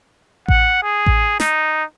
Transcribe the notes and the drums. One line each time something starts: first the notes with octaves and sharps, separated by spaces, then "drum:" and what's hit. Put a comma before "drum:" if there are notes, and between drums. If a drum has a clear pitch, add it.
F#5, drum: kick A1
G#4
drum: kick A1
D#4, drum: snare